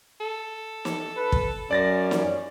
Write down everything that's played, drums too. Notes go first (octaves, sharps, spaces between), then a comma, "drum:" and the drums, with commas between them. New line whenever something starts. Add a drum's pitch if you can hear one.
A4
drum: snare
B4
drum: kick
F#2 C#4 D5 A6 A#6
drum: snare